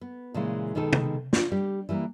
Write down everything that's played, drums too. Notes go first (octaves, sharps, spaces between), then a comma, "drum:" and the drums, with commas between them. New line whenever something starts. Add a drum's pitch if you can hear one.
B3
A#2 C#3 E3 G#3
B2 D#3 G#3 D#4 A4
drum: tom
D4 F4, drum: snare
G3 G4
E3 G3 G#3 A#3